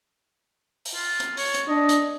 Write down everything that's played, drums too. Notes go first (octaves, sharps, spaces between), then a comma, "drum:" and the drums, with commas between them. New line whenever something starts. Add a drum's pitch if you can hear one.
drum: open hi-hat
F4
drum: hi-hat
C#5, drum: open hi-hat
drum: hi-hat
D4 D#5
drum: hi-hat